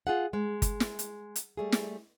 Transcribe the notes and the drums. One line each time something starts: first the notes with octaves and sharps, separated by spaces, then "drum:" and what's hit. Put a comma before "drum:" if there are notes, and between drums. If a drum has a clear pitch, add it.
F4 G#4 F#5
G#3
drum: kick G1, hi-hat
drum: snare
drum: hi-hat
drum: hi-hat
G3 A3 G#4
drum: snare